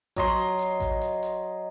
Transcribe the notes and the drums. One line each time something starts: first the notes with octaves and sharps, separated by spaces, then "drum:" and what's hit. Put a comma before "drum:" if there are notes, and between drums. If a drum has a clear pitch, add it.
F#3 D#5 C6, drum: kick A1, hi-hat
drum: hi-hat
drum: hi-hat
drum: kick A1, hi-hat
drum: hi-hat
drum: hi-hat